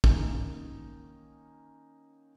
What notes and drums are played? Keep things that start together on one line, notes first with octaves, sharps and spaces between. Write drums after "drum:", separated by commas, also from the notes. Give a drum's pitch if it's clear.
D#3 A#3 C#4 D#4, drum: kick